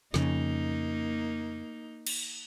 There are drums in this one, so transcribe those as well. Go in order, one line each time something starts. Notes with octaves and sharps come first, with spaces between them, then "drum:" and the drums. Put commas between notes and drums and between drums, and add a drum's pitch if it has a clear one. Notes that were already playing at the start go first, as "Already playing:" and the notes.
F2 C#3 A#3 D#4, drum: snare
drum: cymbal